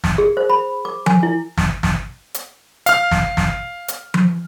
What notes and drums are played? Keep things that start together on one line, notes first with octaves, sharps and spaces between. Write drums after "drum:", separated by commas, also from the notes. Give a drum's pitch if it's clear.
drum: snare
G#4
C5
B5
D6
G#5, drum: tom F3
E4
drum: snare
drum: snare
drum: hi-hat
F5 F6, drum: hi-hat
drum: snare
drum: snare
drum: hi-hat
drum: tom F3